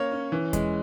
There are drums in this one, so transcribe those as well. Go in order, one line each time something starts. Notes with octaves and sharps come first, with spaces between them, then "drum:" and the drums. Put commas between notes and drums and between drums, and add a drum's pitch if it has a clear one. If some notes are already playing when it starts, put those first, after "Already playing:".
Already playing: A#3 C#4 C#5
C#4
E3
G#3, drum: kick D#2, hi-hat